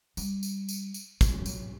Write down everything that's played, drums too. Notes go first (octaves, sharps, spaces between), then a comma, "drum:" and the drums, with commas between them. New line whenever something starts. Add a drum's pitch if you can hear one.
G3, drum: tambourine
drum: tambourine
drum: tambourine
drum: tambourine
G3, drum: kick, tambourine
G3
F#3, drum: tambourine